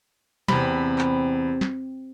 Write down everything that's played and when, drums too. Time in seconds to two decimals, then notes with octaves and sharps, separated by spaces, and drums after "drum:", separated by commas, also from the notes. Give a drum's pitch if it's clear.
0.48 E2 C3 B5, drum: snare
0.98 drum: clap
1.61 drum: snare